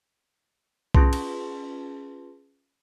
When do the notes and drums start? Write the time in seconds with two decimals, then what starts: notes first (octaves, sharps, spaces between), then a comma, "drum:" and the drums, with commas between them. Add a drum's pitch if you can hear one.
0.95 C#4 F4 G#4 B4 A5 C6, drum: kick B1
1.13 drum: cymbal